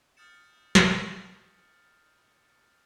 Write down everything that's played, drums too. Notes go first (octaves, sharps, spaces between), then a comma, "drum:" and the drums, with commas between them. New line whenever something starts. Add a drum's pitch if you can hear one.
D#6 F6 G6 A6 C#7 E7
drum: snare